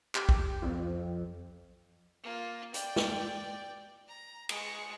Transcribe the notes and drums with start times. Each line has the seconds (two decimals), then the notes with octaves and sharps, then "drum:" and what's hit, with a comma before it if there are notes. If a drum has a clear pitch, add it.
0.15 G4, drum: clap
0.29 drum: kick A#1
0.62 F2
2.23 A#3 F4
2.74 D5 G5, drum: hi-hat
2.96 drum: snare
4.07 A#5
4.49 G#3 C#6, drum: cymbal